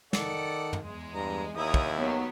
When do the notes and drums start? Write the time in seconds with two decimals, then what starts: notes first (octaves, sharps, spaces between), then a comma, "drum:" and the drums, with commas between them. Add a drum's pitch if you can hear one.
0.13 D#3 A4 D5 F#5, drum: snare
0.73 drum: tom
0.82 E2 G#3
1.15 G2 A#5
1.57 D#2 E4 C#5 A#5 D#6
1.74 drum: kick
1.96 D#3 F#3 B3